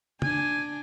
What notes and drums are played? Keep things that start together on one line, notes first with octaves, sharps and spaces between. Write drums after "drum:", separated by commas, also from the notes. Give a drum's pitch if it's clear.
D4 G#5, drum: tom